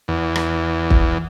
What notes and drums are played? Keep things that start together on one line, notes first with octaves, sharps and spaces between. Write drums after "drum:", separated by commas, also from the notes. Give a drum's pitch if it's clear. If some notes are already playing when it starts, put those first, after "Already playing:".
E2
drum: rim click
drum: kick